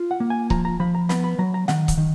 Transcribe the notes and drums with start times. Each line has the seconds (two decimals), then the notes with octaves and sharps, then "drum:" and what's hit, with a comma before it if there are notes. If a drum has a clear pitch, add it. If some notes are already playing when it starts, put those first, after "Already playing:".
Already playing: F4
0.11 F#5
0.20 A#3
0.30 G#5
0.50 F3 A#5, drum: kick C#1
0.65 A#5
0.80 F3 B5
0.95 A#5
1.09 B3 B5, drum: snare
1.24 B5
1.39 F#3 A#5
1.54 A#5
1.68 D#3 F#5, drum: snare
1.88 drum: kick C#1, hi-hat
1.97 D#3